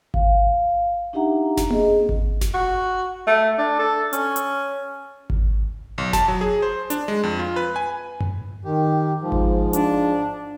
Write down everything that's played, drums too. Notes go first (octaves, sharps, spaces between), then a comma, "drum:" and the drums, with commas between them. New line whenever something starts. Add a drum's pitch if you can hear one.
F5, drum: kick G#1
D4 D#4 G4 E5 F#5 A#5
drum: snare F#1
G#4 D#5, drum: tom A#3
C4
drum: kick G#1
drum: snare F#1
F#4
A3
D4
A4
C#4, drum: hi-hat
drum: hi-hat
drum: kick G#1
B1
A5, drum: snare F#1
F#3
G#4
C5
D4, drum: hi-hat
G#3
F2
F4
B4
G#5
drum: tom F#2
D#3 G4
G#2 F3
drum: kick G#1
D4, drum: hi-hat